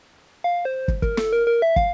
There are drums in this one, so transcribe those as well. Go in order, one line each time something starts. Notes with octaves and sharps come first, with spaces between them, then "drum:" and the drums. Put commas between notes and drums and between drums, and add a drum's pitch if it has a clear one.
F5
C5
drum: kick
A#4, drum: kick
A4, drum: snare
A#4
A#4
E5
F5, drum: kick